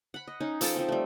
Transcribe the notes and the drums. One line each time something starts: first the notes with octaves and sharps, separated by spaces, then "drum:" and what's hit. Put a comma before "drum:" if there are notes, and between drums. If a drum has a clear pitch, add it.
F#5 B5
D#5
C#4 D#4
F3 A4 G5 A5, drum: hi-hat
F3 C4
G3 A3